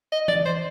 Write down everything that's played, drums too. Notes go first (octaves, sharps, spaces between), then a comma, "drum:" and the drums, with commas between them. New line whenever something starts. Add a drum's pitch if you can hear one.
D#5
D5, drum: tom E3
C5